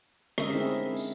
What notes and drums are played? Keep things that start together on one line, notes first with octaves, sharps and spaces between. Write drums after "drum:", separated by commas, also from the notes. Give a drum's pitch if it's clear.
D3 G#3 C#4 A#4 D#5 E5, drum: rim click
A3 C4 D#4 E4 G#4
drum: tambourine